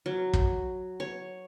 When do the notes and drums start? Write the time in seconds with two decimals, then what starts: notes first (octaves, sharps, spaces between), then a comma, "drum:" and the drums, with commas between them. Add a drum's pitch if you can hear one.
0.06 F#3
0.33 drum: kick
1.00 C#5